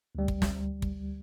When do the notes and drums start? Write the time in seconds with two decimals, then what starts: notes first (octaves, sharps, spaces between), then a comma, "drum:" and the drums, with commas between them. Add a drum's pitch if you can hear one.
0.15 D2 G3
0.28 drum: kick
0.42 drum: snare
0.82 drum: kick